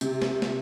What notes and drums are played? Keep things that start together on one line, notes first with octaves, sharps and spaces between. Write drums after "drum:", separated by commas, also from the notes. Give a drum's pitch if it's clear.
C3, drum: hi-hat
drum: snare
drum: snare